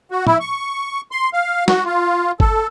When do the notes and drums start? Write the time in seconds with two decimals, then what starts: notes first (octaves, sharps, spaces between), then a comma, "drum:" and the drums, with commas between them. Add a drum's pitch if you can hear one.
0.11 F#4
0.27 E4, drum: tom
0.40 C#6
1.11 C6
1.33 F5
1.68 F#4, drum: snare
1.85 F4
2.40 A4, drum: kick G1